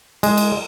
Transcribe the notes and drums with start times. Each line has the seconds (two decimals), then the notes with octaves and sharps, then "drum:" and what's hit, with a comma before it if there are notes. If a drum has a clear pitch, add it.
0.23 G#3, drum: cymbal
0.37 drum: cymbal